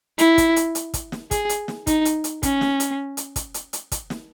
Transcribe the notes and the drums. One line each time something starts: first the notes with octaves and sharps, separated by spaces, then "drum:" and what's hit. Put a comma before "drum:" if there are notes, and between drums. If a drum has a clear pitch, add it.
E4, drum: hi-hat
drum: kick, hi-hat
drum: hi-hat
drum: hi-hat
drum: kick, hi-hat
drum: snare
G#4, drum: kick, hi-hat
drum: hi-hat
drum: snare
D#4, drum: kick, hi-hat
drum: hi-hat
drum: hi-hat
C#4, drum: kick, hi-hat
drum: snare
drum: hi-hat
drum: hi-hat
drum: kick, hi-hat
drum: hi-hat
drum: hi-hat
drum: kick, hi-hat
drum: snare